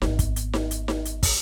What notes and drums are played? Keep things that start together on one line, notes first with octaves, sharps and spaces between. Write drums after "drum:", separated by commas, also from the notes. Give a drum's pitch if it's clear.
G#1 B3, drum: snare D#4
drum: kick, hi-hat
drum: hi-hat
drum: snare D#4
drum: hi-hat
drum: snare D#4
drum: hi-hat
drum: kick, open hi-hat